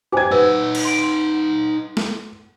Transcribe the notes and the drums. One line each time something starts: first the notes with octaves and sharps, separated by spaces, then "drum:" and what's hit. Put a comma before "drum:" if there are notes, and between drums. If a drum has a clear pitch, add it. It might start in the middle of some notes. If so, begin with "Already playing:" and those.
G4 C5 G#5 D6 G#6
D#4 B4 F#5 E6
drum: cymbal
C6 D7
drum: snare